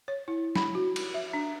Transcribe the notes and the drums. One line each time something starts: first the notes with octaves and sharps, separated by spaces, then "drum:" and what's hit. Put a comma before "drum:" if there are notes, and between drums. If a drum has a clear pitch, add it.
C#5
E4
B5, drum: snare
F#4
drum: cymbal
E5
D4